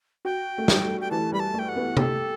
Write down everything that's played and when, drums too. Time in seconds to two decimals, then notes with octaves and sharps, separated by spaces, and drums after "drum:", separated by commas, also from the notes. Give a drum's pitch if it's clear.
0.25 F#4 G5
0.58 A3
0.68 G3, drum: snare
1.01 G5
1.11 E3 A5
1.32 G3 B5
1.40 A5
1.54 A3
1.59 G5
1.69 F#5
1.76 B3
1.97 G4 A4, drum: tom C3